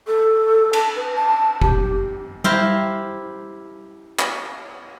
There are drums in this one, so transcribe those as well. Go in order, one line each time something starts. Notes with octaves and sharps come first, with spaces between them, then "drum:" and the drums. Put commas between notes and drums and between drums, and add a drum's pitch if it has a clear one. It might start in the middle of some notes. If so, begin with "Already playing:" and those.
A4
A5, drum: cymbal
B4
A5
G4, drum: kick F#1
E4 G4 C5 F5 A#5 C6, drum: tom G3
drum: clap